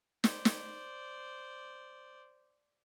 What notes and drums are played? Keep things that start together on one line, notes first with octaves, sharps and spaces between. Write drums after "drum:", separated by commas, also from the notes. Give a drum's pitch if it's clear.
C5 D5, drum: snare
drum: snare